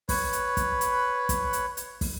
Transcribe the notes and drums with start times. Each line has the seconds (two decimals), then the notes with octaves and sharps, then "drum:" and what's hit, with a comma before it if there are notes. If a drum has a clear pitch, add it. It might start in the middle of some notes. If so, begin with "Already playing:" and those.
0.09 B4 C#5, drum: kick, open hi-hat
0.33 drum: hi-hat
0.57 drum: kick, hi-hat
0.81 drum: hi-hat
1.29 drum: kick, hi-hat
1.53 drum: hi-hat
1.77 drum: hi-hat
2.01 drum: kick, open hi-hat